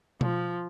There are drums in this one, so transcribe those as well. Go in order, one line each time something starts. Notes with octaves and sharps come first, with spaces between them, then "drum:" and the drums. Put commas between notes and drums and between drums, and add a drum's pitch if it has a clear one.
F3, drum: tom B2